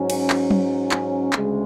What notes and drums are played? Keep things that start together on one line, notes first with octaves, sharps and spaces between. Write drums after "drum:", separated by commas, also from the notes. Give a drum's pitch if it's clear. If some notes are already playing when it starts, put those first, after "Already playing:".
Already playing: G#2 F#3 C#4
drum: cymbal
drum: clap
drum: tom F#3
drum: clap
D2 C#3 G#3, drum: clap